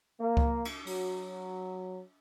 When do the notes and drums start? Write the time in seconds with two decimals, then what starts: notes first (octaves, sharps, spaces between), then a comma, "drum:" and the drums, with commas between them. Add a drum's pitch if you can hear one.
0.20 A#3
0.37 drum: kick C#2
0.65 drum: cymbal
0.87 F#3, drum: open hi-hat